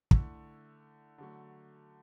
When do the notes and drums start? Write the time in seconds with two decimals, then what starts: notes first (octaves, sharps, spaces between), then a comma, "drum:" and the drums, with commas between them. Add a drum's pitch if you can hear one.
0.11 D3 A3 E4, drum: kick
1.18 D3 F#3 A3